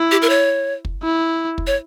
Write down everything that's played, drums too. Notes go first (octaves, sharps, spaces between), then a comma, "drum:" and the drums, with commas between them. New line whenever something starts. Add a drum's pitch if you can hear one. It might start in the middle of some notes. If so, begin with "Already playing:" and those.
Already playing: E4
G4
A#4
C#5
drum: kick
E4
drum: kick
C#5